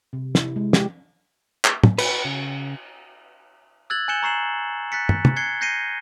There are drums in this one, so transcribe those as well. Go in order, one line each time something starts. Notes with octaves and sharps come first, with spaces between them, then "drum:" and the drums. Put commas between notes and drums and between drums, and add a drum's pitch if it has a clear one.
C3
E4, drum: snare
G#3
G4, drum: snare
drum: clap
drum: tom
B4, drum: cymbal
C#3
E6 F#6 G#6 A6 F#7
G#5 F#6 G6 C#7 E7 G7
A#5 C#6 C7 E7 F#7
F#6 A6 B6 C#7
drum: tom
drum: tom
F#6 G#6 C7 C#7 G7
G6 A#6 C7 C#7 D#7 G7